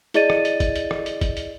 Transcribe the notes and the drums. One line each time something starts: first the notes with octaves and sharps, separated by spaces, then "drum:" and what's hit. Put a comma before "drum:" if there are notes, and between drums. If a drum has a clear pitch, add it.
E4 G#4 D5 D#5 A6 D#7, drum: hi-hat
drum: rim click
drum: hi-hat
drum: kick G#1, hi-hat
drum: hi-hat
drum: rim click
drum: hi-hat
drum: kick G#1, hi-hat
drum: hi-hat